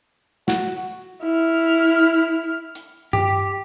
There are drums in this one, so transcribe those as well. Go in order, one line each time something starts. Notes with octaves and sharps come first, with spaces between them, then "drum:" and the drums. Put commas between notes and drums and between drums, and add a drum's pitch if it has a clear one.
F#4, drum: snare
E4 F6
drum: hi-hat
G4, drum: tom G2